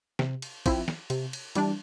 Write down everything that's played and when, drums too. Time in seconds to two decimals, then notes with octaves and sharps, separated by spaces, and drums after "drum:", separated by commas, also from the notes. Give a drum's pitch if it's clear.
0.19 C3, drum: snare
0.42 drum: cymbal
0.66 F3 C4 E4, drum: kick, cymbal
0.88 drum: snare
1.10 C3, drum: cymbal
1.33 drum: cymbal
1.55 E3 G3 D4, drum: cymbal